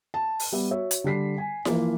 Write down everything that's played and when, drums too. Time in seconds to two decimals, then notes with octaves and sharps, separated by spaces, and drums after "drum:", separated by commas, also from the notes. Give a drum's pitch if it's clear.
0.14 A5
0.40 drum: open hi-hat
0.52 G3 B3 E5
0.71 F#4 C#5 E5
0.91 drum: hi-hat
1.04 D3 G3 B6 C7
1.38 G#5
1.65 E3 F3 A#3, drum: snare E4